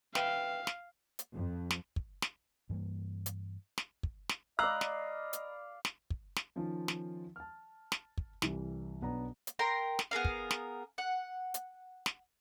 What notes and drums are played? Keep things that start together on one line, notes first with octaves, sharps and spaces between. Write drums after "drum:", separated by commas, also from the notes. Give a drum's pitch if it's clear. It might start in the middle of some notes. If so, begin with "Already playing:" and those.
B4 E5 F5 G5, drum: snare
drum: snare
drum: hi-hat
F2
drum: snare
drum: kick
drum: snare
G2 E3 G3 A#3
drum: hi-hat
drum: snare
drum: kick
drum: snare
D5 D#5 F5 A#5 B5 E6 F#6
drum: snare
drum: hi-hat
drum: snare
drum: kick
drum: snare
D#3 F3 C#4 F4
drum: snare
A5 F6
drum: snare
drum: kick
C2 E3 G3, drum: snare
B1 B3 D4 A#5
drum: hi-hat
A#4 G5 A#5 C6
drum: snare
B3 G#4 A#4 F5
drum: kick
drum: snare
F#5
drum: hi-hat
drum: snare